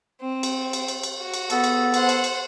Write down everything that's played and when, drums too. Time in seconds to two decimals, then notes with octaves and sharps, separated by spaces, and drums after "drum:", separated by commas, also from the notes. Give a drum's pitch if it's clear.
0.21 C4
0.43 drum: cymbal
0.73 drum: cymbal
0.88 drum: cymbal
1.03 drum: cymbal
1.19 F#4
1.34 drum: cymbal
1.50 B3 A4, drum: cymbal
1.64 drum: cymbal
1.94 C5 F#5, drum: cymbal
2.09 drum: cymbal
2.24 drum: cymbal